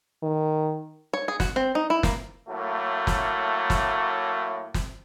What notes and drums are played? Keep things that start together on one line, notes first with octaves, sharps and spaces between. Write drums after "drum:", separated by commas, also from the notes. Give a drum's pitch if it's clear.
D#3
C#5
G#4
F#4, drum: snare
C4
D#4
E4
A#3, drum: snare
A2 F#3 A3 A#3
drum: snare
drum: snare
drum: snare